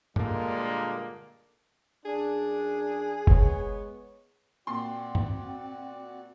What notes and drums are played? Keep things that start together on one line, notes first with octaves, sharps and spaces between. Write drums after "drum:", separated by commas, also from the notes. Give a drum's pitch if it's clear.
G2 A#2 D3 G#3 A#3, drum: tom G2
F#2 D4 G#4
G#3 B3 C#5, drum: kick F#1
A#2 C4 F#4 D5 G5 C6
drum: tom G2